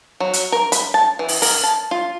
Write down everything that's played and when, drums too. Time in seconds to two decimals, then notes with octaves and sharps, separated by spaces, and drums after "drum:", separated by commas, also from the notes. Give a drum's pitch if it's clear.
0.20 F#3
0.33 drum: hi-hat
0.52 A#4
0.72 B5, drum: hi-hat
0.94 A5
1.19 E3
1.28 drum: open hi-hat
1.42 A#4, drum: open hi-hat
1.63 A5
1.91 F4